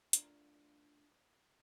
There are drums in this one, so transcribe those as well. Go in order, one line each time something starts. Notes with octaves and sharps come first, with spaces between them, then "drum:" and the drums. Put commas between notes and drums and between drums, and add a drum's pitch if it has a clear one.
A3 D4 F4 A#4, drum: hi-hat